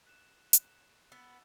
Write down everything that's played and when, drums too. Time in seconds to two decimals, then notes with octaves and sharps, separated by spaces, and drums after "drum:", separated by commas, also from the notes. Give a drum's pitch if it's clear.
0.06 F#6 E7
0.53 drum: hi-hat
1.12 B3 E6 A6